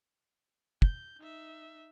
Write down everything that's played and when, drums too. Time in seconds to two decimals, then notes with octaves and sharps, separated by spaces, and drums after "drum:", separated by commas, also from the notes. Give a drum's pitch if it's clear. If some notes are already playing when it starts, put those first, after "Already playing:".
0.82 G6, drum: kick
1.20 D#4 E5